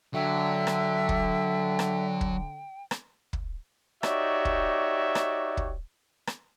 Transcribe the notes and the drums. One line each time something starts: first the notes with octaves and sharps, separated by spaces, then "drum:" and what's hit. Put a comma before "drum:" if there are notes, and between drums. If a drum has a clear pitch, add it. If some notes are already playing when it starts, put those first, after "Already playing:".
D3 F#3 E5 G5
drum: rim click
drum: kick
drum: rim click
drum: kick
drum: rim click
drum: kick
D#4 F#4 G4 C#5 D5 E5, drum: rim click
drum: kick
drum: rim click
drum: kick
drum: rim click